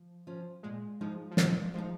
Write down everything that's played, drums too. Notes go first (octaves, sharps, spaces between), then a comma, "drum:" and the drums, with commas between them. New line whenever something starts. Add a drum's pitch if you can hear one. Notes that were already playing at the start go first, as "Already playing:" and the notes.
Already playing: F3
F3 C#4
A#2 G#3
F3 G#3 D#4
F3
A#2 D#3, drum: snare
F3 G#3 D#4